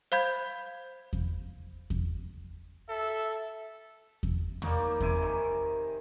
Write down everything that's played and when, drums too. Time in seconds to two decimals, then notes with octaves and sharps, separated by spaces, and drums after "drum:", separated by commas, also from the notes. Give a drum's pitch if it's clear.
0.12 C5 F5 B5 G6 G#6
1.13 drum: kick E2
1.90 drum: kick E2
2.89 A4 E5
4.23 drum: kick E2
4.62 G3 A#3 D#4 C#5, drum: tom
5.00 C3 E4 G#5 D6, drum: kick E2
5.22 D#3